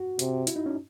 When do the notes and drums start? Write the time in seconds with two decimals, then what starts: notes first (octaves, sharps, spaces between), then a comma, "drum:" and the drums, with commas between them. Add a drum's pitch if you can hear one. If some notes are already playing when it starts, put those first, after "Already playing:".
Already playing: F#4
0.19 C3, drum: hi-hat
0.47 E4, drum: hi-hat
0.56 D#4
0.66 C#4